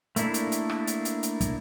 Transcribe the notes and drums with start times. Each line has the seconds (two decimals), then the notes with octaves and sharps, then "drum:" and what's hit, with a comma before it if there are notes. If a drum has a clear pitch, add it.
0.16 A3 A#3 D4 E4, drum: hi-hat
0.34 drum: hi-hat
0.52 drum: hi-hat
0.70 drum: rim click
0.87 drum: hi-hat
1.05 drum: hi-hat
1.23 drum: hi-hat
1.41 drum: kick, hi-hat